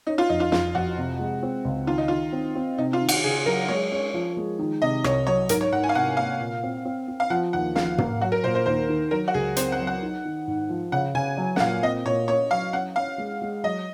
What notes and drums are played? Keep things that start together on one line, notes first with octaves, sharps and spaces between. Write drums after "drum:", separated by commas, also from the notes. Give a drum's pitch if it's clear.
C#4 D#4
F4
F2 D#4
F4
F2 F4, drum: snare
F2 F#4
C3
G#3
C4
C#2
D#3 F4
D#4
D#3 F4
C4
C4
C3 D#4
F4
D#3
F#4, drum: cymbal
C#3 G#4
F#3 A#4
G#3 C#5
C#4
F3
G#3
D#3
C3 D#5
C2 C#5, drum: rim click
F#3 C#5
G#2 A#4, drum: hi-hat
C#5
G#2 F#5
G#5
F5
C3 F#5
A#3 F5
A#2
C4
C4
C4
F5
F3 F#5
D#2 F#5
F3 F5, drum: snare
A#3, drum: tom
F#3 F#4
A#4
A#2 C5
C5
D#2 C5
D#3
F#3 A#4
F#4
C#2 G#4
C4 C5, drum: hi-hat
F#5
F#3
F#5
D#4
D#3
G#2
F3
C#3 F#5
C#3 G#5
F#3
F#5, drum: snare
A#2 F5
C4 D#5
A#2 C#5
C#4 C#5
F#3 F5
C#4 F#5
C#4 F5
G#3
G#3
F#3 D#5